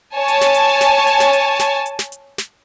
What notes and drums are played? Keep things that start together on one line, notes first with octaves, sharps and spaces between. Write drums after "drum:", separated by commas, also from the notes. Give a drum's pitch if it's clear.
C#5 G#5 A5
drum: hi-hat
drum: snare
drum: hi-hat
drum: snare
drum: hi-hat
drum: snare
drum: hi-hat
drum: snare
drum: hi-hat
drum: snare
drum: hi-hat
drum: snare